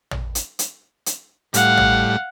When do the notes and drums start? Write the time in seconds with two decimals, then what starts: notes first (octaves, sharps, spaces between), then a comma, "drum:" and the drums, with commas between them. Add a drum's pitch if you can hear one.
0.11 drum: tom
0.35 drum: hi-hat
0.59 drum: hi-hat
1.06 drum: hi-hat
1.54 A2 G3 F5 F#5, drum: hi-hat
1.78 drum: tom